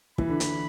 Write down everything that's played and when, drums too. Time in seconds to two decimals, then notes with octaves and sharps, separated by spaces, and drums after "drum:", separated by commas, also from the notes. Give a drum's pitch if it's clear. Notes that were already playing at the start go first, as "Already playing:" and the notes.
0.18 E3 B5, drum: kick
0.29 D3
0.40 E3, drum: hi-hat